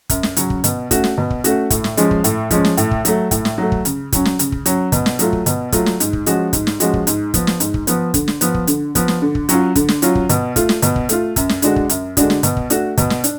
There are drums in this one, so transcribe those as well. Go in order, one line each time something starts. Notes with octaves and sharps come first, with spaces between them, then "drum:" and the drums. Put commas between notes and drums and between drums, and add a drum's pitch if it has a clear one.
F#2, drum: kick, hi-hat
drum: snare
C#3 F#3 C#4, drum: hi-hat
drum: kick
B2, drum: hi-hat
A3 C#4 F#4, drum: kick, hi-hat
drum: snare
B2
drum: kick
A3 C#4 F#4, drum: hi-hat
A2, drum: kick, hi-hat
drum: snare
F3 G#3 C#4, drum: hi-hat
drum: kick
A2, drum: hi-hat
F3 G#3 C#4, drum: kick, hi-hat
drum: snare
A2, drum: hi-hat
drum: kick
F#3 A3, drum: hi-hat
A2, drum: kick, hi-hat
drum: snare
F#3 A3
drum: kick
C#3, drum: hi-hat
F#3 C#4, drum: kick, hi-hat
drum: snare
C#3, drum: hi-hat
drum: kick
F#3 C#4, drum: hi-hat
B2, drum: kick, hi-hat
drum: snare
F#3 A3 F4, drum: hi-hat
drum: kick
B2, drum: hi-hat
F#3 A3 F4, drum: kick, hi-hat
drum: snare
G#2, drum: hi-hat
drum: kick
F3 G#3 C#4 F#4, drum: hi-hat
G#2, drum: kick, hi-hat
drum: snare
F3 G#3 C#4 F#4, drum: hi-hat
drum: kick
G#2, drum: hi-hat
F3 B3, drum: kick, hi-hat
drum: snare
G#2, drum: hi-hat
drum: kick
F3 B3, drum: hi-hat
D3, drum: kick, hi-hat
drum: snare
F3 B3, drum: hi-hat
drum: kick
D3, drum: hi-hat
F3 B3, drum: kick, hi-hat
drum: snare
D3
drum: kick
F#3 C#4 F4, drum: hi-hat
D3, drum: kick, hi-hat
drum: snare
F#3 C#4 F4, drum: hi-hat
drum: kick
B2, drum: hi-hat
A3 F4, drum: kick, hi-hat
drum: snare
B2, drum: hi-hat
drum: kick
A3 F4, drum: hi-hat
F#2, drum: kick, hi-hat
drum: snare
D3 G#3 D4 F#4, drum: hi-hat
drum: kick
F#2, drum: hi-hat
D3 G#3 D4 F#4, drum: kick, hi-hat
drum: snare
B2, drum: hi-hat
drum: kick
A3 D4 F#4, drum: hi-hat
B2, drum: kick, hi-hat
drum: snare
D4, drum: hi-hat